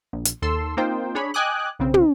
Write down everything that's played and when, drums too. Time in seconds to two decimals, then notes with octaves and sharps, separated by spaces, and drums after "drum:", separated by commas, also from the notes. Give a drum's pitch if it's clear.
0.13 A#1
0.25 drum: hi-hat
0.42 D#2 A4 C6 E6
0.77 A#3 C4 D#4 F4 C5 G5
1.15 D4 G#4 C#5 B5
1.34 D#5 G5 G#5 D6 D#6 F#6
1.79 B1 C#3 C4
1.94 drum: tom